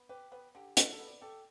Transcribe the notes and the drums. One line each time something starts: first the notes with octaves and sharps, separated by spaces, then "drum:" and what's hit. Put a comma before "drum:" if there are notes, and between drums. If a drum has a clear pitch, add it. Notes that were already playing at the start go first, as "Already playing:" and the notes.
Already playing: B3
G4 B4
B3 B4
D3 G4
D3 B4, drum: hi-hat
A4
B3
D5
G4 A4